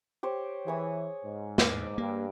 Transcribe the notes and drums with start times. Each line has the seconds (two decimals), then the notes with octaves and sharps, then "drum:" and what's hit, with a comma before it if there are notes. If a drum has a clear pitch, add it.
0.23 G4 C5 C#5
0.67 E3 G#4 C#5 D#6
1.24 G#2
1.58 E2 A2 D5, drum: snare
1.98 G2 A#3